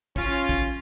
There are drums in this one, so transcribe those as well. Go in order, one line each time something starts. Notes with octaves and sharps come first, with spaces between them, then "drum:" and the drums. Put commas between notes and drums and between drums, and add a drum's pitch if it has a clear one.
C#4 F4, drum: kick
drum: kick